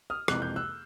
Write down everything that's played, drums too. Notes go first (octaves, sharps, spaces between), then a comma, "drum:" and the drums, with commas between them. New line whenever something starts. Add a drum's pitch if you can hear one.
D#6 F6
F#1 F2 C3 E3 G#3 F#6, drum: rim click
G6
E6 F#6